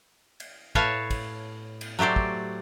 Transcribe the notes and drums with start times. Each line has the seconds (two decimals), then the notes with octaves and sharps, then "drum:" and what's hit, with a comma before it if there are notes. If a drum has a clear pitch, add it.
0.40 drum: cymbal
0.75 A2 B4 C#5 F5 A5, drum: kick
1.10 drum: kick, cymbal
1.81 drum: cymbal
1.99 F#3 A3 G4 C5 D5
2.16 drum: kick